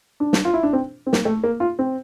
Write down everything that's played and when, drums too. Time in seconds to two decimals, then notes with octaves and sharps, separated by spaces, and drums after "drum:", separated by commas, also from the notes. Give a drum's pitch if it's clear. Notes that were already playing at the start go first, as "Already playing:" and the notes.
0.20 D4
0.33 drum: snare
0.45 F4
0.54 E4
0.63 D4
0.73 C4
1.06 C4
1.13 A#3, drum: snare
1.25 A3
1.44 A#3
1.60 F4
1.79 C4